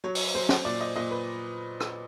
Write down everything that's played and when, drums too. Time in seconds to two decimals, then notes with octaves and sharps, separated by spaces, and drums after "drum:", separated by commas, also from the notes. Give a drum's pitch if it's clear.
0.04 F#3 C#5
0.15 drum: open hi-hat
0.35 F#3 C5
0.49 drum: snare
0.65 A#2 D5
0.81 D#5
0.96 A#2 D#5
1.11 B4
1.80 drum: rim click